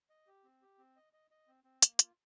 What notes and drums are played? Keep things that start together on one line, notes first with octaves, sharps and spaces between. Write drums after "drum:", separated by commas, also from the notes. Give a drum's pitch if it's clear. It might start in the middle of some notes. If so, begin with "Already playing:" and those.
D#5
G4
C4
G4
C4
D#5
D#5
D#5
C4
C4
A#3, drum: hi-hat
F4, drum: hi-hat